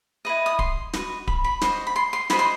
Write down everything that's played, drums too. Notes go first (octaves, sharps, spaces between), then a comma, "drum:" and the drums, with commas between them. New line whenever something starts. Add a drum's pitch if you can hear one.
E4 B4 D#5
D#6
C6, drum: kick D1
F#4 B4 D#5, drum: snare
B5, drum: kick D1
B5
F#4 C5 D#5, drum: snare
B5
C6
C6
F#4 C5 D#5 B5, drum: snare
C6